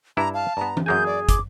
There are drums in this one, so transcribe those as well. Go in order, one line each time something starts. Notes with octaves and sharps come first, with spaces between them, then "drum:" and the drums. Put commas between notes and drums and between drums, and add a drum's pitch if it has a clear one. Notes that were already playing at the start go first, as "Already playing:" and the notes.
G2 D4 E4 A#5
F5 A5
G2 B3 A#5
drum: tom E3
F#2 A#3 G#4 G#5 G6
D5
D6, drum: kick, hi-hat